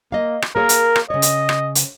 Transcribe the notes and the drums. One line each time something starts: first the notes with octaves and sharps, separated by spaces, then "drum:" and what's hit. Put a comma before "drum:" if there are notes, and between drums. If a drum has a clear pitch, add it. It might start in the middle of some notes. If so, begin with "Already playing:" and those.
A#3 D#5 F5
drum: rim click
A#3 G#4 A#4 C#5
drum: hi-hat
drum: rim click
C#3 C#5 D#5
drum: hi-hat
drum: rim click
drum: hi-hat